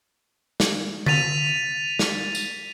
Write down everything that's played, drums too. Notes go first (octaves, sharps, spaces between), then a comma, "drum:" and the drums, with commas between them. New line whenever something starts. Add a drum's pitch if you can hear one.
drum: snare
A6 B6 D#7 F7, drum: tom D3
drum: snare
drum: tambourine